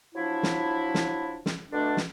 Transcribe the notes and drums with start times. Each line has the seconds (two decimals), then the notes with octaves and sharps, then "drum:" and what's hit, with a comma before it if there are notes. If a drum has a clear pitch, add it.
0.15 F3 F#3 D4 E4
0.43 drum: snare
0.94 drum: snare
1.46 drum: snare
1.71 B2 D3 A3 D4
1.97 drum: snare